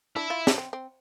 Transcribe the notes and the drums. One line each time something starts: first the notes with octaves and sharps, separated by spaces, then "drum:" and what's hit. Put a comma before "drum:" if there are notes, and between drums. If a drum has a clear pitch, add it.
D4 E4
F4
D4, drum: snare
C4
C4